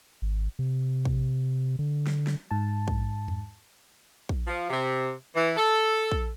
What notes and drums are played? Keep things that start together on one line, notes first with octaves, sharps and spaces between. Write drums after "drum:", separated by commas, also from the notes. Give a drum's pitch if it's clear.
G#1
C3
drum: kick A#1
D3
drum: snare
drum: snare
G#2 A5
drum: kick A#1
drum: tom E2
drum: kick A#1
F3
C3
E3
A4
drum: kick A#1